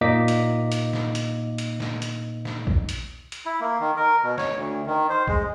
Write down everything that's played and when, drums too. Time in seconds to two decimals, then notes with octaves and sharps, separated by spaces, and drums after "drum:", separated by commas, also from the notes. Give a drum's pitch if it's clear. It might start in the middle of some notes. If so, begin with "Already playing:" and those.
0.01 A#2 A#3 D#4 D#5 D6 B6
0.28 drum: hi-hat
0.72 drum: hi-hat
0.93 drum: snare
1.15 drum: hi-hat
1.58 drum: hi-hat
1.80 drum: snare
2.02 drum: hi-hat
2.45 drum: snare
2.67 drum: kick
2.89 drum: hi-hat
3.32 drum: hi-hat
3.46 E4
3.60 A#3
3.80 D#3
3.97 A#4
4.23 B2
4.38 C#5, drum: snare
4.57 D2
4.86 D#3
5.10 C5
5.28 G#3, drum: kick